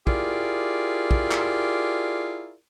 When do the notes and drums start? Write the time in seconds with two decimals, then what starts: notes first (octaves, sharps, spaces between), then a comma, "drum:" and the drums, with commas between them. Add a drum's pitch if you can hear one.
0.07 E4 F4 G4 G#4 A#4 D5, drum: kick
1.11 drum: kick
1.31 drum: clap